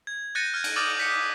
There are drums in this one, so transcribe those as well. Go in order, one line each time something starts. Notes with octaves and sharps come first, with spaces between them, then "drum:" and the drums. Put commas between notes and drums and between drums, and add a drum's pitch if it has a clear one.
G#6
F#6 G6 A6 A#6 C#7 D#7
F6 G#6
drum: cymbal
D6 D#6 F6 G6 A6 F#7
G6 B6 C#7